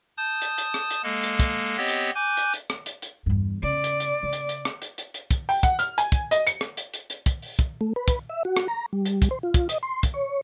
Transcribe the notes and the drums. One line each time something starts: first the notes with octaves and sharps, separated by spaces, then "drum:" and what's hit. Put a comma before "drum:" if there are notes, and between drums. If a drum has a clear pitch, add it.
A5 D#6 G6
drum: hi-hat
drum: hi-hat
drum: rim click
drum: hi-hat
G#3 A#3 A4
drum: hi-hat
drum: kick, hi-hat
B3 C4 G4 C#5 D#5
drum: hi-hat
G#5 D6 F#6 G6
drum: hi-hat
drum: hi-hat
drum: rim click
drum: hi-hat
drum: hi-hat
E2 G2
C#3 D5
drum: hi-hat
drum: hi-hat
C#3
drum: hi-hat
drum: hi-hat
drum: rim click
drum: hi-hat
drum: hi-hat
drum: hi-hat
drum: kick, hi-hat
G5, drum: open hi-hat
F#5, drum: kick, hi-hat
F6, drum: hi-hat
G#5, drum: hi-hat
drum: kick, hi-hat
D#5, drum: hi-hat
C#7, drum: hi-hat
drum: rim click
drum: hi-hat
drum: hi-hat
drum: hi-hat
drum: kick, hi-hat
drum: open hi-hat
drum: kick, hi-hat
A3
B4
drum: kick, hi-hat
E5
F#4
drum: rim click
A#5
G3
drum: hi-hat
drum: kick, hi-hat
C5
F4
drum: kick, hi-hat
D#5, drum: hi-hat
C6
drum: kick, hi-hat
C#5